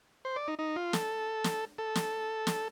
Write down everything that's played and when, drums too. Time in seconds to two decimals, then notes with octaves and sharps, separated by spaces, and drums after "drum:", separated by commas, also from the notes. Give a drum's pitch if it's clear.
0.25 C5
0.36 D5
0.48 D#4
0.59 D#4
0.76 F4
0.93 A4, drum: snare
1.44 drum: snare
1.78 A4
1.95 drum: snare
2.47 drum: snare